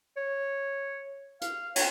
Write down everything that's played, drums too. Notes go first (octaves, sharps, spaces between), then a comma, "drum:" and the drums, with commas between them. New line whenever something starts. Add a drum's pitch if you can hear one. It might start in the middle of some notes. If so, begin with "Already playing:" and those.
C#5
F5, drum: hi-hat
C#5, drum: cymbal